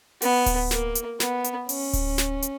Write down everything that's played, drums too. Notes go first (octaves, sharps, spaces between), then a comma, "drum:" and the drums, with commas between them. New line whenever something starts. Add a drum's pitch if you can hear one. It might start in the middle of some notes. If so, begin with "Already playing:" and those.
B3, drum: open hi-hat
drum: kick D1, open hi-hat
A#3, drum: snare
drum: hi-hat
B3, drum: snare
drum: hi-hat
C#4, drum: open hi-hat
drum: kick D1, open hi-hat
drum: snare
drum: hi-hat